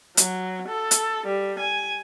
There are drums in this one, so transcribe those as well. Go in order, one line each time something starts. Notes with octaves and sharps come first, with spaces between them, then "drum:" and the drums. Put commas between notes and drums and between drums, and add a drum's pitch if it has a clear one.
F#3, drum: hi-hat
A4
drum: hi-hat
G3
G#5